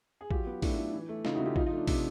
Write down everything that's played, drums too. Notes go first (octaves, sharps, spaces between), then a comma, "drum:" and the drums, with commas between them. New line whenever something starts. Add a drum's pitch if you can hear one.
G#4
F#3 F4 G4, drum: kick
B3
A2 D4 E4, drum: kick, open hi-hat
A2
E3
A3
C#3 D#4 F4, drum: snare
E4 F#4
C#3 F4 G4
F3 D#4 F4, drum: kick
D#4 F4
A3 D4
C3, drum: kick, open hi-hat